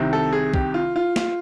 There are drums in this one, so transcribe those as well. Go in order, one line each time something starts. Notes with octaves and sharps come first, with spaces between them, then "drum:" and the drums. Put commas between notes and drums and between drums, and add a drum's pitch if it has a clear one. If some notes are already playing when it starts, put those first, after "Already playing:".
Already playing: C2 C3 D#3
A4
G#4
G4, drum: kick
F4
F4
F4, drum: snare